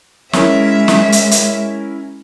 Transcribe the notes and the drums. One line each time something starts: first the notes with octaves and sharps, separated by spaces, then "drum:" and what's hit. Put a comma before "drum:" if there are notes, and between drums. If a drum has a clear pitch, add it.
G#3 C#4 E4 A#4 E5, drum: snare
drum: snare
drum: hi-hat
drum: hi-hat